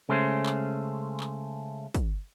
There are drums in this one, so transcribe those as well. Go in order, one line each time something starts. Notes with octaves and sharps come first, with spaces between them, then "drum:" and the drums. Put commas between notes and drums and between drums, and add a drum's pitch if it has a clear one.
C#3 G#3 A3 C#4 C5
drum: clap
drum: clap
drum: kick, hi-hat